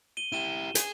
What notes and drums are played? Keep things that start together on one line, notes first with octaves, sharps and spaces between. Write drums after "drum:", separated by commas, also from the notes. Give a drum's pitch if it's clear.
D#7 G7
E4 G4 D#7 E7 G7
G#4, drum: hi-hat